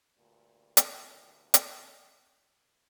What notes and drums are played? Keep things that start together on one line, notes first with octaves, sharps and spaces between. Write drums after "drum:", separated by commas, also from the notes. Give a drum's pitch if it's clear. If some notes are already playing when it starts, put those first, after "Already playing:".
D2 G2 A#2
drum: hi-hat
drum: hi-hat